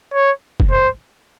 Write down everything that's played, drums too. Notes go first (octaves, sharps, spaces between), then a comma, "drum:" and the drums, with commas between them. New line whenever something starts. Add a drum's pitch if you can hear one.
C#5
drum: kick F1
C5